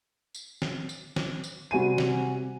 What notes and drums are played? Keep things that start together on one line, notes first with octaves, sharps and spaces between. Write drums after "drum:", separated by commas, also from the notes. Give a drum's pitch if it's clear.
drum: tambourine
drum: snare
drum: tambourine
drum: snare
drum: tambourine
C3 G3 F#4 G#5 D#7
drum: snare